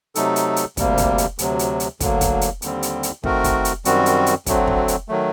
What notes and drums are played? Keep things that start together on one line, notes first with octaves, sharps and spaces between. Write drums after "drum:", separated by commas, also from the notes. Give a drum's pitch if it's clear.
C3 F#3 A3 D#4 A4, drum: hi-hat
drum: hi-hat
drum: hi-hat
D2 C3 G3 A#3, drum: kick, hi-hat
drum: kick, hi-hat
drum: hi-hat
D2 C3 F#3, drum: hi-hat
drum: hi-hat
drum: hi-hat
D2 D3 F#3 A#3, drum: kick, hi-hat
drum: kick, hi-hat
drum: hi-hat
D#2 D3 G3 C4, drum: hi-hat
drum: hi-hat
drum: hi-hat
D#3 A3 C4 F#4 A#4, drum: kick
drum: kick, hi-hat
drum: hi-hat
F#2 D#3 G3 C4 F#4, drum: hi-hat
drum: hi-hat
drum: hi-hat
D2 D3 F#3 A3 C4, drum: kick, hi-hat
drum: kick
drum: hi-hat
D#3 F#3 A3